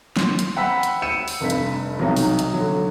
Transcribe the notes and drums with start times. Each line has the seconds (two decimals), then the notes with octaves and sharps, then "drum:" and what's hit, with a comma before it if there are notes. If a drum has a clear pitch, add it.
0.17 C6, drum: snare
0.39 drum: hi-hat
0.56 F#5 G5 B5 E6 B6
0.83 drum: hi-hat
1.02 E6 C#7 D#7 E7
1.28 drum: open hi-hat
1.41 F1 G2 B6
1.50 drum: hi-hat
1.99 B1 C3 F#3 D#4
2.17 drum: open hi-hat
2.39 drum: hi-hat
2.54 D3 F#3